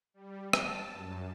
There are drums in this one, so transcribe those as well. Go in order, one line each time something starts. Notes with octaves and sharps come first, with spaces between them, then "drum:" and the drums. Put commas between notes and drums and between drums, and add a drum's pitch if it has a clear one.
G3
A5, drum: rim click
F#2